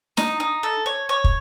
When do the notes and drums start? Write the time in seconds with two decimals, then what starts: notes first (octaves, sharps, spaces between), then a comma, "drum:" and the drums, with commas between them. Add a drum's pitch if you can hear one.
0.17 D#4, drum: snare
0.40 D#4
0.63 A4
0.86 C#5
1.09 C#5
1.24 drum: kick